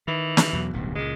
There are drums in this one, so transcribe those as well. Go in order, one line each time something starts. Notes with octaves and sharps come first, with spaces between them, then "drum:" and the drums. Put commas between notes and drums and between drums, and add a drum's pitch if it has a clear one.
D#3 E3
drum: snare
E2 B2 F#3
D1 B1 G2
C#2 A#2 G#3